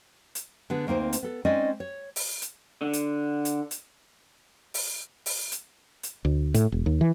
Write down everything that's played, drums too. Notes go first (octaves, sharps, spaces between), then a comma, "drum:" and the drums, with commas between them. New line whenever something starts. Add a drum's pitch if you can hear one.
drum: hi-hat
D3 B3 G#4
D2 A#3 C4 D#4 C5
drum: hi-hat
B3 A4
G#3 C4 C#4 D#4 D5 D#5
C#5
drum: open hi-hat
drum: hi-hat
D3
drum: hi-hat
drum: hi-hat
drum: hi-hat
drum: open hi-hat
drum: open hi-hat
drum: hi-hat
drum: hi-hat
D2
A2, drum: hi-hat
E1
D#2
E3